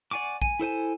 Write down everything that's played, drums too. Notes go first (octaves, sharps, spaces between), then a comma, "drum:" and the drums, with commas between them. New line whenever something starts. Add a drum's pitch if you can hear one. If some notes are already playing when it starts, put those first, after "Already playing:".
D5 F#5 G#5 C#6 D6
G#5, drum: kick
E4 A4 C5 G#5